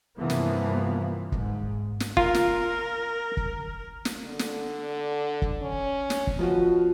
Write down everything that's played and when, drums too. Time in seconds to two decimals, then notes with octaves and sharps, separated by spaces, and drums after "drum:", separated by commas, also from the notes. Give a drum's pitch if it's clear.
0.18 G2 C3 E3 F3 A#3 B3
0.30 drum: snare
1.32 G#2, drum: kick
2.00 drum: snare
2.17 F4 A#4, drum: kick
2.34 drum: snare
3.37 drum: kick
4.05 drum: snare
4.25 D3
4.39 drum: snare
5.42 drum: kick
5.62 C#4
6.10 drum: snare
6.27 drum: kick
6.39 B2 F3 F4 F#4